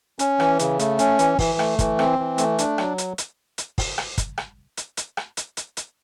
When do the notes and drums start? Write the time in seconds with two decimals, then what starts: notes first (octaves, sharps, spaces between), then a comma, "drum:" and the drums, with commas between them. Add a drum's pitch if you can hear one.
0.19 C#4, drum: hi-hat
0.40 E3, drum: rim click
0.59 C#3, drum: hi-hat
0.79 A3, drum: hi-hat
0.99 C#4, drum: hi-hat
1.19 E3, drum: hi-hat
1.39 E3, drum: kick, open hi-hat
1.59 A3, drum: rim click
1.79 E3, drum: kick, hi-hat
1.99 C4, drum: rim click
2.19 E3
2.38 A3, drum: hi-hat
2.59 D4, drum: hi-hat
2.78 F#3, drum: rim click
2.98 drum: hi-hat
3.18 drum: hi-hat
3.58 drum: hi-hat
3.78 drum: kick, open hi-hat
3.98 drum: rim click
4.18 drum: kick, hi-hat
4.38 drum: rim click
4.77 drum: hi-hat
4.97 drum: hi-hat
5.17 drum: rim click
5.37 drum: hi-hat
5.57 drum: hi-hat
5.77 drum: hi-hat